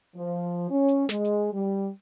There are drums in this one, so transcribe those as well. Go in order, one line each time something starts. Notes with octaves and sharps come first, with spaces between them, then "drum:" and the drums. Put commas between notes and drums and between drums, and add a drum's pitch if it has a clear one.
F3
C#4
drum: hi-hat
G#3, drum: snare
drum: hi-hat
G3